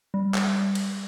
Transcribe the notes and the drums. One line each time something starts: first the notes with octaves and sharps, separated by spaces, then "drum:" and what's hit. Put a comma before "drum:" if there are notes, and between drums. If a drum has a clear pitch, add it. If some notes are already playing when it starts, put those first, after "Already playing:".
G3
drum: clap
drum: cymbal